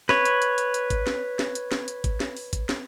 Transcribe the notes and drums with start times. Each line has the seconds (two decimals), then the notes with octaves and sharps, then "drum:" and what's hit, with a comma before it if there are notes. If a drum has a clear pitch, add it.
0.09 B4 C#5, drum: snare
0.25 drum: hi-hat
0.42 drum: hi-hat
0.58 drum: hi-hat
0.74 drum: hi-hat
0.90 drum: kick, hi-hat
1.07 drum: snare
1.39 drum: snare
1.55 drum: hi-hat
1.72 drum: snare
1.88 drum: hi-hat
2.04 drum: kick, hi-hat
2.20 drum: snare
2.37 drum: open hi-hat
2.53 drum: kick, hi-hat
2.69 drum: snare